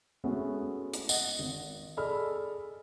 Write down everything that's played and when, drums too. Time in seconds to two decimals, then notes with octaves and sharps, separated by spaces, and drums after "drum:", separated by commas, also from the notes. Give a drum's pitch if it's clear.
0.24 G#3 A3 B3 C#4 F#4
0.94 drum: hi-hat
1.09 D#5 F#5, drum: tambourine
1.39 G#1
1.97 G#4 A4 D5 D#5 B5 F6